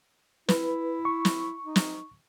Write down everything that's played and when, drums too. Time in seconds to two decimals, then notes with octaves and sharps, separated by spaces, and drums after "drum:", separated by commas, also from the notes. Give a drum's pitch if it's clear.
0.49 E4 B4, drum: snare
1.05 C#6
1.25 drum: snare
1.64 D#4
1.76 drum: snare